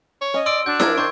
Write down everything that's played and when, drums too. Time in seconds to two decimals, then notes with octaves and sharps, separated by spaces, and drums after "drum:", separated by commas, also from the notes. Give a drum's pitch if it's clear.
0.21 C#5
0.34 C#4 D#5
0.46 D5 C6 E6 D7
0.66 D4 F#4 G6
0.80 F3 A#4 E6 G#6, drum: snare E4
0.97 D#3 C5 C6 C#6 G6